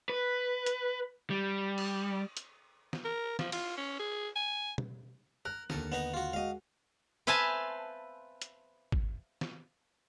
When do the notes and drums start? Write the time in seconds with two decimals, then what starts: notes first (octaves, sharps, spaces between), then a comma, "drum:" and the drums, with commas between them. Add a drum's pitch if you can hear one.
0.09 B4
0.66 drum: hi-hat
1.30 G3
1.78 drum: cymbal
2.37 drum: hi-hat
2.93 drum: snare
3.05 A#4
3.39 F3, drum: snare
3.52 F4, drum: cymbal
3.77 C#4
3.99 G#4
4.36 G#5
4.78 drum: tom B2
5.45 A#4 F#6
5.70 D#2 D3 A4 A#4, drum: snare
5.92 B3 D#4 A#5
6.14 F4 F#4
6.33 G#3 F#4 D#5 F5
7.27 B4 C5 E5 F5 G#5 A5
8.42 drum: hi-hat
8.92 drum: kick G#1
9.41 drum: snare